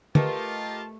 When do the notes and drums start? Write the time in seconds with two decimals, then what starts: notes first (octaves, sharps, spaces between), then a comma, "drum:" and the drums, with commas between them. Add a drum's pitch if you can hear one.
0.15 A3 F4 G4 A#4 B4 D#5 A5, drum: tom